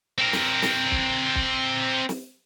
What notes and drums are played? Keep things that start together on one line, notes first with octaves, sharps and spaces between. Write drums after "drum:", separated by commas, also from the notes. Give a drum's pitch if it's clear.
C4 A#4
drum: snare
drum: snare
drum: kick
drum: kick
drum: snare